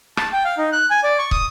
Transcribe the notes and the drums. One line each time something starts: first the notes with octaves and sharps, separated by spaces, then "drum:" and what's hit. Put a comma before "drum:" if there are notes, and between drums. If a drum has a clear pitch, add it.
A5, drum: rim click
G5
F5
D#4
F#6
G#5
D5
C#6
D#6, drum: kick